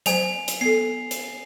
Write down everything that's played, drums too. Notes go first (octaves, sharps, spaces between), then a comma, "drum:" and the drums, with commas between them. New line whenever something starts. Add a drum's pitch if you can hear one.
F#3 C5 G#5 F7, drum: hi-hat
drum: hi-hat
B3 A4 C7
drum: hi-hat